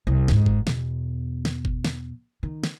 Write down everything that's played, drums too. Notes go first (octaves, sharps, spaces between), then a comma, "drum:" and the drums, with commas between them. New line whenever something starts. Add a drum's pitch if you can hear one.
C2
F2 G#2, drum: snare
drum: kick G1
E2 B2, drum: snare
drum: snare
drum: kick G1
drum: snare
D#3
drum: snare